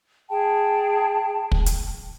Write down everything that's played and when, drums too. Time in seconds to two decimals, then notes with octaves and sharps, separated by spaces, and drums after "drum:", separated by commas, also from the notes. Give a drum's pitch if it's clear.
0.29 G#4 G5 A5
1.52 drum: kick
1.66 drum: hi-hat